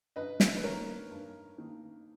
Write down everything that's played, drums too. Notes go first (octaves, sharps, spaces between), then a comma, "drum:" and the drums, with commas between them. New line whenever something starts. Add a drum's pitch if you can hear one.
G2 B4 D#5
drum: snare
B4
D#3 A#3 A#4 C#5
G2
D#3 A#3